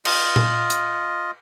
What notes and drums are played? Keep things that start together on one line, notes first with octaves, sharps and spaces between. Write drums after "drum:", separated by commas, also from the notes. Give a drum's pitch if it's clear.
F4 D#5, drum: cymbal
drum: tom A#2
drum: hi-hat